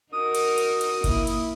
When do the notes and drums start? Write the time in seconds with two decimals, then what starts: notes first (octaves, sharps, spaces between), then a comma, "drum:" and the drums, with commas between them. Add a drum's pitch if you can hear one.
0.12 D#4 F#4 A#4 D#6
0.35 drum: cymbal
0.58 drum: cymbal
0.81 drum: cymbal
1.04 A#3 E4, drum: kick G1, cymbal
1.27 drum: cymbal